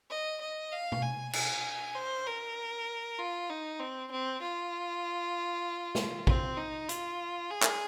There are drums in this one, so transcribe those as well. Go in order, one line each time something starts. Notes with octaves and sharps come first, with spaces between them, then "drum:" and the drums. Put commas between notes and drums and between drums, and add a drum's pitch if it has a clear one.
D#5
D#5
F5
drum: tom B2
G#5
G#5, drum: cymbal
C5
A#4
F4
D#4
C4
C4
F4
drum: snare
C4, drum: kick A#1
D#4
F4, drum: hi-hat
G#4
drum: clap